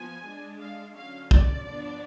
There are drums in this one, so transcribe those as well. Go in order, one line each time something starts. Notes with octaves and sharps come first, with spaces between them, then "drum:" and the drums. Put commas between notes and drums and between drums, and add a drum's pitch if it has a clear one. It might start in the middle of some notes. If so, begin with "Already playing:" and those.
Already playing: F3 B3 G#5
G#3 D4
F5
D3 F#3 C#4 F5
D5, drum: kick
F3 B3 D4